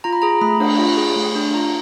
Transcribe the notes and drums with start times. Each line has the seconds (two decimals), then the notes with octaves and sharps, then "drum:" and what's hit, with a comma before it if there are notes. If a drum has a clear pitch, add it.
0.04 F4 A#5
0.13 B5
0.22 G#4 A#5
0.41 A3 B5
0.60 D4, drum: cymbal
0.79 F4 B5
0.97 G#4
1.16 A3
1.35 D4
1.54 F4 A#5